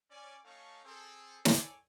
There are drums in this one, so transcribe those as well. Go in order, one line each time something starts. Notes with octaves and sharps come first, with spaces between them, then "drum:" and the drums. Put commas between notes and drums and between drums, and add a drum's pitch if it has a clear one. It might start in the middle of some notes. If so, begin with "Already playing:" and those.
C#4 D5 G#5
A3 C#4 D#4 F5 A5 C#6
C4 G#4 A4
E4 A4 C#5 D5 G#5, drum: snare